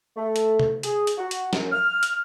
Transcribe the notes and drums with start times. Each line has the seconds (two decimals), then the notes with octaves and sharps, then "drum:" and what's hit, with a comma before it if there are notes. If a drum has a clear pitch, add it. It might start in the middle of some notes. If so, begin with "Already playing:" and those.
0.17 A3
0.36 drum: hi-hat
0.60 drum: tom C3
0.83 G#4, drum: hi-hat
1.07 drum: hi-hat
1.18 F#4
1.31 drum: hi-hat
1.53 F#2, drum: snare
1.72 F6
2.03 drum: hi-hat